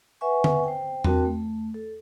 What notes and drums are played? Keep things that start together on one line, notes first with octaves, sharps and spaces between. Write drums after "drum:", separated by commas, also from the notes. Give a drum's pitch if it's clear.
B4 E5 F#5 G#5 C#6
drum: tom D3
C5 G5
C4 D4 F#4 A#4 G5 A5, drum: tom E2
A3
A4